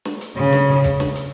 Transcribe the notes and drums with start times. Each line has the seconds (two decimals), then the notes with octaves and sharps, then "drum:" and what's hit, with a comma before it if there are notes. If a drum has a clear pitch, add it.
0.05 drum: snare
0.21 drum: hi-hat
0.37 C#3
0.53 drum: snare
0.84 drum: kick, hi-hat
1.00 drum: snare
1.16 drum: hi-hat